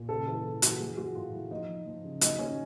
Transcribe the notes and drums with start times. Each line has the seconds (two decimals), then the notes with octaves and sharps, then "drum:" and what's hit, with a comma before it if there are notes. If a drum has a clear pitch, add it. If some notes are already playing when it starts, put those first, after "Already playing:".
Already playing: A#2
0.09 C#3 A4
0.27 E3 A4
0.44 E3
0.62 E3 F#4, drum: hi-hat
0.80 F#3 G#4
0.97 F#3 F#4
1.15 A2 F4
1.33 F#3 E4
1.51 F3 D#4
1.69 F3
1.86 F3
2.04 C#3
2.21 F#3 D#4, drum: hi-hat
2.39 F#3 C#4